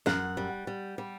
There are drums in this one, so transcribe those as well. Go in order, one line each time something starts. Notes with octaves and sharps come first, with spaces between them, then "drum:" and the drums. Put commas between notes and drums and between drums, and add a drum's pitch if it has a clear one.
F#2 F#5, drum: snare
G3
G3
G3